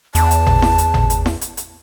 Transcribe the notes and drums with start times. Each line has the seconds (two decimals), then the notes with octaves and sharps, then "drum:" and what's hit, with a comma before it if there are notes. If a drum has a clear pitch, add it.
0.15 E2 A5, drum: hi-hat
0.31 drum: hi-hat
0.47 drum: tom G#1
0.62 drum: snare E4
0.78 drum: hi-hat
0.94 drum: tom G#1
1.10 drum: hi-hat
1.26 drum: snare E4
1.41 drum: hi-hat
1.57 drum: hi-hat